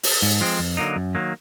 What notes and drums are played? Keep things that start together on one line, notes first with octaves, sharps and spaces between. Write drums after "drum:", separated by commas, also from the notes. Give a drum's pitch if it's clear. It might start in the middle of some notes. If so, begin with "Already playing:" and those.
drum: open hi-hat
G#2
F3 G#3 C4
F2
D3 F#3 A#3 D#4
F#2
D#3 F#3 A#3